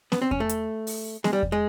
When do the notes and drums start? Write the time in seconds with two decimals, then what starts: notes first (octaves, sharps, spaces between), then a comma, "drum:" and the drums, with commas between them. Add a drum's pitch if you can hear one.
0.12 B3, drum: snare B3
0.22 C4
0.31 C#4, drum: kick E2
0.40 A3
0.49 drum: hi-hat
0.87 drum: open hi-hat
1.24 G#3, drum: snare B3
1.33 G3
1.43 drum: kick E2
1.52 G#3